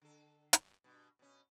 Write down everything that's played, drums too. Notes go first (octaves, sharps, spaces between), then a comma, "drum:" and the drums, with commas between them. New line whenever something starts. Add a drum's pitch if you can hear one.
D3 A4
drum: hi-hat
G2 B2
B2 C#4